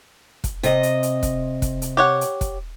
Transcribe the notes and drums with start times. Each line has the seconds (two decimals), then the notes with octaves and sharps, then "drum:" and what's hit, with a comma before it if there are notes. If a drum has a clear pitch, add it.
0.44 drum: kick, hi-hat
0.63 C3 D#5, drum: hi-hat
0.83 drum: hi-hat
1.03 drum: hi-hat
1.23 drum: kick, hi-hat
1.62 drum: kick, hi-hat
1.82 drum: hi-hat
1.97 G4 C#5 F#5
2.21 drum: hi-hat
2.41 drum: kick, hi-hat